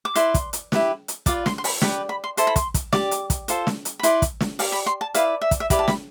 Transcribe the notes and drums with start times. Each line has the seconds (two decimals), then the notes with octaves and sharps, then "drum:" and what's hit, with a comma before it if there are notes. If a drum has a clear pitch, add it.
0.05 D6
0.15 E4 B4 D5 C6, drum: hi-hat
0.34 drum: kick, hi-hat
0.53 drum: hi-hat
0.72 E4 G4 B4, drum: snare
1.08 drum: hi-hat
1.26 F4 B4 D5 D6, drum: kick, hi-hat
1.46 C6, drum: snare
1.58 C6
1.64 B5, drum: open hi-hat
1.81 G4 B4 D5 B5, drum: snare
2.09 B5
2.24 C6
2.37 E4 A4 C5 C6, drum: hi-hat
2.47 B5
2.56 C6, drum: kick, hi-hat
2.74 drum: kick, hi-hat
2.92 G4 D5 D6, drum: snare
3.11 drum: hi-hat
3.30 drum: kick, hi-hat
3.48 F4 A4 C5, drum: hi-hat
3.67 drum: snare
3.85 drum: hi-hat
3.99 B5
4.03 E4 B4 D5 C6, drum: hi-hat
4.22 drum: kick, hi-hat
4.41 drum: snare
4.59 G4 D5 F5, drum: open hi-hat
4.72 B5
4.86 C6
5.01 A5
5.14 E4 B4 D5 F5, drum: hi-hat
5.42 E5
5.51 drum: kick, hi-hat
5.60 E5
5.70 E4 G4 B4 D5 B5, drum: kick, hi-hat
5.79 A5
5.88 B5, drum: snare